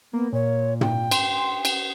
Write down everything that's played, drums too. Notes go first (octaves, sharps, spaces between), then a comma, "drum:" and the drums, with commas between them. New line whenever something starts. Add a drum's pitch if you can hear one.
A#3 B3
A#2 C#5
G5, drum: tom
C6, drum: cymbal
drum: cymbal